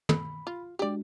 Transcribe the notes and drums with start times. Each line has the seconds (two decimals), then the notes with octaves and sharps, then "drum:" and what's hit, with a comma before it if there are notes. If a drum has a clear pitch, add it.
0.09 B5, drum: tom
0.47 F4
0.79 G#3 D4 F#4 G4 D5